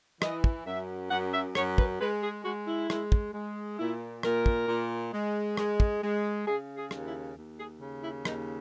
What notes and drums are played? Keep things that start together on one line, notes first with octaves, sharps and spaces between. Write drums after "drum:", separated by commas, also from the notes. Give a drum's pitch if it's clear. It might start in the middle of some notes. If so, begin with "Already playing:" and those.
E3 D#5, drum: rim click
drum: kick
F#2 E5
F#2 F#5
E5
F#2 C#5, drum: rim click
B4, drum: kick
G#3 B4
G#4
G#3 F#4
E4
G#3, drum: rim click
drum: kick
G#3
A#2 E4
A#2 A#4, drum: rim click
drum: kick
A#2
G#3
G#3, drum: rim click
drum: kick
G#3
C#3 G#4
G#4
D#2, drum: rim click
E4
D#2
G#4
C#3
E4
D#2 D#4, drum: rim click